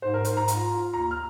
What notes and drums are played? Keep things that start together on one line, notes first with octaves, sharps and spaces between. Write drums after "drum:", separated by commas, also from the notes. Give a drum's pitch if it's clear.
G#2 C5
A#4
G#2 C5, drum: hi-hat
A#5
F4, drum: hi-hat
F4
D#2 A#5
F6